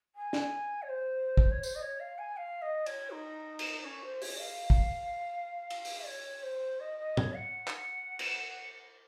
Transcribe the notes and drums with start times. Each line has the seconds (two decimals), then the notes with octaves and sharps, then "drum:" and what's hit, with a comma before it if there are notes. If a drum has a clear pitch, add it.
0.15 G#5
0.33 drum: snare
0.82 C#5
0.89 C5
1.37 drum: kick
1.51 C#5
1.63 C5, drum: tambourine
1.75 D#5
1.82 C#5
2.00 F5
2.18 G#5
2.37 F5
2.62 D#5
2.86 C#5, drum: cymbal
3.11 D#4
3.59 drum: cymbal
3.81 D#4
3.84 C#4
4.03 C5
4.22 C#5, drum: open hi-hat
4.40 F5
4.70 drum: kick
5.70 drum: cymbal
5.85 drum: open hi-hat
6.07 C#5
6.43 C5
6.80 D#5
6.99 D#5
7.17 C#5, drum: tom A2
7.35 F#5
7.68 drum: clap
8.19 drum: cymbal